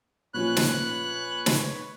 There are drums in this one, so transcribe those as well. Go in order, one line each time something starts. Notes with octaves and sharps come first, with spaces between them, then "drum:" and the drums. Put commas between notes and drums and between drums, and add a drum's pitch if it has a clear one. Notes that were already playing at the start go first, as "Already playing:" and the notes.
A#2 F3 C#4 B4 C#5 B5 F#6
drum: snare
drum: snare